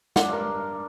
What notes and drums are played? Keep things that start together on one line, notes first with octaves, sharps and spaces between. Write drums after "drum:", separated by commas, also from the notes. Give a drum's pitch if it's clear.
D4 F4 C#5 F#5, drum: snare
G2 A#4